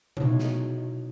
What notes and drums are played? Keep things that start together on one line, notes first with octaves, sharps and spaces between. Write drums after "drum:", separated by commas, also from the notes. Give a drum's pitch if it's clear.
B2 D#4 E4 C#5, drum: tom C3
drum: snare